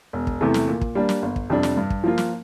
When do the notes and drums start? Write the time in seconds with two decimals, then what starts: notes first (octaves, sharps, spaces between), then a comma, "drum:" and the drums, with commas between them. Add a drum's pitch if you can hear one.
0.13 E1
0.27 drum: kick
0.41 E2 C3 E3 A3
0.54 drum: snare
0.68 A#2
0.81 drum: kick
0.95 G3 A#3 D4
1.09 drum: snare
1.22 G1
1.36 drum: kick
1.50 F2 C3 G3 D4
1.63 drum: snare
1.77 G2
1.90 drum: kick
2.04 F3 A#3 F4
2.18 drum: snare